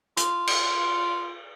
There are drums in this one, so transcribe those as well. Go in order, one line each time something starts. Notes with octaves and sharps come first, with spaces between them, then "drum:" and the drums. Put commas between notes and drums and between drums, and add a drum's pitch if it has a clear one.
F4, drum: hi-hat
drum: cymbal